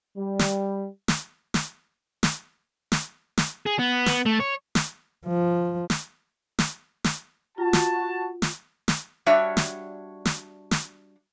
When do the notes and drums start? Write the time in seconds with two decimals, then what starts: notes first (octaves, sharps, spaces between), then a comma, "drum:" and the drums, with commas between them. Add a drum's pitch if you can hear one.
0.16 G3
0.39 drum: snare
1.08 drum: snare
1.54 drum: snare
2.23 drum: snare
2.92 drum: snare
3.38 drum: snare
3.66 G#4
3.79 B3
4.06 drum: snare
4.25 A3
4.40 C#5
4.75 drum: snare
5.26 F3
5.90 drum: snare
6.59 drum: snare
7.04 drum: snare
7.58 F4 F#4 A5
7.73 drum: snare
8.42 drum: snare
8.88 drum: snare
9.26 G3 D4 F#4 C#5 E5
9.57 drum: snare
10.25 drum: snare
10.71 drum: snare